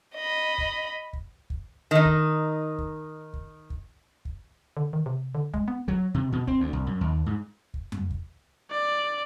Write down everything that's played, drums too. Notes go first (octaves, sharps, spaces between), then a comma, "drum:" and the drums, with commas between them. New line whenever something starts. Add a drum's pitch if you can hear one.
D#5 B5
drum: kick
drum: kick
drum: kick
D#3 D#4
drum: kick
drum: kick
drum: kick
drum: kick
drum: kick
D3
D#3
C3
D3
G#3, drum: kick
B3
F#3, drum: kick
C3
B2
C4, drum: kick
D2
C2
F#2
D#2
G#2
drum: kick
drum: tom F2
drum: kick
D5